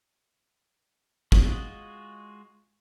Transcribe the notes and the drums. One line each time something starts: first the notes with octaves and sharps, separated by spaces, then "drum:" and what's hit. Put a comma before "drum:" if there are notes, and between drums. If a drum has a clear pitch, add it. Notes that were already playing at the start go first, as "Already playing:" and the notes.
G#3 F4 F#4 G#4 D#5, drum: kick